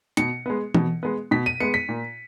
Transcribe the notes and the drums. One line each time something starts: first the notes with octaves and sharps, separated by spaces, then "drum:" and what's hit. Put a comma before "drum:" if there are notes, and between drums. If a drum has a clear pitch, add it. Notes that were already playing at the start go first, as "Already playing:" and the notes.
B2 C#7, drum: hi-hat
G#3 B3
B2, drum: tom E3
G#3 B3
B2 B6
D#7
G#3 B3 C#7
B6
A#2